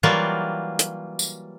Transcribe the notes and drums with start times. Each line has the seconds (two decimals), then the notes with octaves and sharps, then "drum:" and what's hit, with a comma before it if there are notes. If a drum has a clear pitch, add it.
0.03 E3 F#3 G3 A#3 F4
0.79 drum: hi-hat
1.19 drum: tambourine